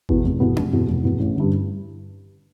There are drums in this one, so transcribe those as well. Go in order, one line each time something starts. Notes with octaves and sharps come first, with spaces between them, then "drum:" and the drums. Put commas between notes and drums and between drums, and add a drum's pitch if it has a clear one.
E2 B2 B3, drum: kick G#1
F1
E2 B2 B3
F1, drum: tom C#4
E2 B2 B3
F1
E2 B2 B3
A1
G2 D3